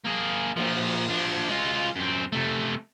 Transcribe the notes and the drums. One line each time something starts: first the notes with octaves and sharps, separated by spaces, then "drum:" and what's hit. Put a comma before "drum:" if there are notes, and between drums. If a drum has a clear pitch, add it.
A#3 G#4
A#2 F3, drum: cymbal
F3 D4
G#3 F4
F#2 C4
C3 A3